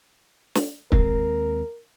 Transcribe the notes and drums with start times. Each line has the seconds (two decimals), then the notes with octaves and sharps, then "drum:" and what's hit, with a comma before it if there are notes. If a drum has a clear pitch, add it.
0.55 drum: snare
0.92 D#2 G#3 C4 A#4, drum: kick